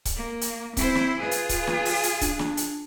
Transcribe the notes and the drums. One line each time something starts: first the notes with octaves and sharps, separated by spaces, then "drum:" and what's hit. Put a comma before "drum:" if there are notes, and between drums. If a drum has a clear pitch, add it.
drum: kick C#1, hi-hat
A#3
drum: hi-hat
C4 E4 C5, drum: kick C#1, hi-hat
drum: snare
F4 G#4 B4
drum: hi-hat
drum: kick C#1, hi-hat
drum: snare
drum: open hi-hat
drum: hi-hat
D4, drum: kick C#1, hi-hat
drum: snare
drum: hi-hat